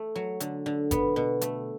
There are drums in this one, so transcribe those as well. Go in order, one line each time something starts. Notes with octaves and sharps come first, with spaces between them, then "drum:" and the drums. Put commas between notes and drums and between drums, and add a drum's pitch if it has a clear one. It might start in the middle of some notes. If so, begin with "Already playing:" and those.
Already playing: A3
F#3
D3, drum: hi-hat
D3
B3, drum: kick G1, hi-hat
B2
A3, drum: hi-hat